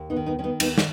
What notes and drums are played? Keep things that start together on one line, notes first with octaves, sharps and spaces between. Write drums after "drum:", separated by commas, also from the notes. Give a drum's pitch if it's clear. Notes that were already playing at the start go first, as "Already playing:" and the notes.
Already playing: D#2
B3 D#4
D#3
B3 D#4
D#3 C#4
B3 D#4
D#2 B3 D#4, drum: cymbal
drum: snare